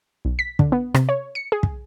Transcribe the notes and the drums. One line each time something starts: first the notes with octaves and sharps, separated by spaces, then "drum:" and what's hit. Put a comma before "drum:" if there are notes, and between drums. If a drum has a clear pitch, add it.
B1
B6
D3, drum: kick
B3
C3, drum: rim click
C#5
C#7
G#4
drum: kick